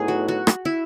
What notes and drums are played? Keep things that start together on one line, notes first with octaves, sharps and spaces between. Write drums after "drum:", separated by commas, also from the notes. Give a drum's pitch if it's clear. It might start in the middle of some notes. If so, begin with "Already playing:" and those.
Already playing: A2 F#3 B3 D#4 G#4
F#4
F#4
drum: rim click
E4